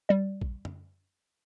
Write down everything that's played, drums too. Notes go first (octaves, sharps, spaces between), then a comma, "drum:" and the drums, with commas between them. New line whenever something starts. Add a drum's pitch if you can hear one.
G3 D5
drum: kick A#1
drum: tom F#2